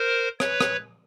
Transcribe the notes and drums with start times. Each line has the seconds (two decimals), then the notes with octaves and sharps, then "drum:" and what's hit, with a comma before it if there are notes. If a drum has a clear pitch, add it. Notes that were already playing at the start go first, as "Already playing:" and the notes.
Already playing: A#4 C5
0.40 B4 C#5, drum: rim click
0.61 drum: rim click